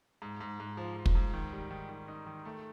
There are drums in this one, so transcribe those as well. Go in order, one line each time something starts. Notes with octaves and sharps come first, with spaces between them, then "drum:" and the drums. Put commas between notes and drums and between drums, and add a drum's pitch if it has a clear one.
G#2
G#2
G#2
F3
F3
drum: kick
G#2
D#3
G3
D#3
D#3
D#4
D#3
A3